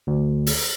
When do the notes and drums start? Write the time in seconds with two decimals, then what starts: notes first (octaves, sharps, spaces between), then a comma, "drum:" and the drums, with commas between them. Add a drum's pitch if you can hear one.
0.07 D2
0.47 drum: open hi-hat